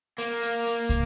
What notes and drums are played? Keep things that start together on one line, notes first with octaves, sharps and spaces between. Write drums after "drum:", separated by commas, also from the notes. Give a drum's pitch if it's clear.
A#3, drum: hi-hat
drum: hi-hat
drum: hi-hat
drum: kick, hi-hat